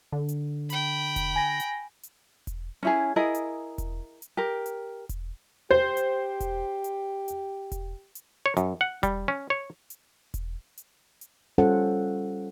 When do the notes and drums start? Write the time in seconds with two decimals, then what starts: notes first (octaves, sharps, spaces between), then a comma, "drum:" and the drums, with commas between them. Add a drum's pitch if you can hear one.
0.12 D3
0.29 drum: hi-hat
0.70 G5 B5, drum: hi-hat
1.16 drum: kick E1, hi-hat
1.36 G#5 A#6
1.60 drum: hi-hat
2.03 drum: hi-hat
2.47 drum: kick E1, hi-hat
2.83 C#4 E4 G#4
3.16 E4 G#4 A#4 D#5
3.34 drum: hi-hat
3.78 drum: kick E1, hi-hat
4.22 drum: hi-hat
4.37 G4 A#4
4.66 drum: hi-hat
5.09 drum: kick E1, hi-hat
5.71 G4 C5
5.97 drum: hi-hat
6.40 drum: kick E1, hi-hat
6.84 drum: hi-hat
7.28 drum: hi-hat
7.72 drum: kick E1, hi-hat
8.15 drum: hi-hat
8.46 C#5
8.57 F#2, drum: hi-hat
8.81 F#5
9.03 G3, drum: kick E1, hi-hat
9.28 C#4
9.50 C#5
9.90 drum: hi-hat
10.34 drum: kick E1, hi-hat
10.77 drum: hi-hat
11.21 drum: hi-hat
11.58 G3 C#4 F4 A4 C5 F#5